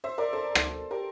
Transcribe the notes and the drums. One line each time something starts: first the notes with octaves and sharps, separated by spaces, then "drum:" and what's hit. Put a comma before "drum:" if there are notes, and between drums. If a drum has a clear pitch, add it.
C5 E5
A#4 D5
A4 C5
drum: rim click
G4 A#4